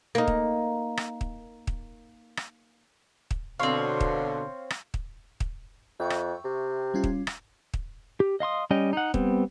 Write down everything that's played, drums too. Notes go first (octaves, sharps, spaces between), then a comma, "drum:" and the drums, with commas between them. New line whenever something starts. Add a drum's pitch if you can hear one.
A#3 D#4
drum: kick
drum: rim click
drum: kick
drum: kick
drum: rim click
drum: kick
B2 D3 C4 C#5 F5 C6
drum: kick
drum: rim click
drum: kick
drum: kick
F2 E5 G5 C#6
drum: rim click
C3
G3 C#4 F4
drum: kick
drum: rim click
drum: kick
G4
D#5 F5 C6 D#6
G3 C#4 D#5 G5
D#4 F#5
G3 B3 C4, drum: kick